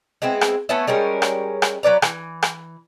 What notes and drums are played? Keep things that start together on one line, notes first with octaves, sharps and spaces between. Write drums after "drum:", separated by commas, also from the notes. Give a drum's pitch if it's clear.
G#3 B3 C4 E4
drum: rim click
A3 B3 C#4 E4
G3 G#3 C#4 A#4
drum: rim click
drum: rim click
F#3 B4 D5 A#5
E3, drum: rim click
drum: rim click